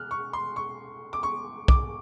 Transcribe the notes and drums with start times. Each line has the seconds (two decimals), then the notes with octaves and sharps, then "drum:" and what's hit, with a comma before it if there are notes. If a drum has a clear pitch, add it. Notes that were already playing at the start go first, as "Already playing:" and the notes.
Already playing: F6 F#6
0.11 C#6
0.33 C6
0.56 C#6
1.13 D6
1.23 C#6
1.68 D6, drum: kick